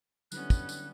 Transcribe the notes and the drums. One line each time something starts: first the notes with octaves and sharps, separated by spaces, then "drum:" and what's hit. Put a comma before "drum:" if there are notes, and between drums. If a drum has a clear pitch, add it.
D3 F#3 G3 B3 C#4 E4 F#6, drum: tambourine
drum: kick, tambourine
drum: tambourine